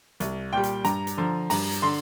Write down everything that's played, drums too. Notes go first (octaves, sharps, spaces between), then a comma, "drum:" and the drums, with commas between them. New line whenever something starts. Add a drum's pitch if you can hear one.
C2, drum: hi-hat
A#2 G3 G5
drum: hi-hat
G2 A#5, drum: hi-hat
drum: hi-hat
D3 F3
G2 A#5, drum: open hi-hat
drum: hi-hat
D3 C6